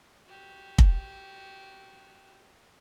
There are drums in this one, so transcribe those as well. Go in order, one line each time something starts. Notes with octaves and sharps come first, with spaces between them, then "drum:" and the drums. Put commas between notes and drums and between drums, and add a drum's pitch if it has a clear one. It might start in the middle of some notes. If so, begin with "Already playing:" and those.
F#4 G4
drum: kick